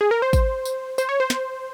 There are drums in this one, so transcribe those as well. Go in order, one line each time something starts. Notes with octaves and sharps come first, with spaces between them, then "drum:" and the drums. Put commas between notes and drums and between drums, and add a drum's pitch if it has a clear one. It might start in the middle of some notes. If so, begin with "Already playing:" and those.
G#4
A#4
C5
drum: kick, tambourine
drum: tambourine
C5, drum: tambourine
C#5
C5
drum: snare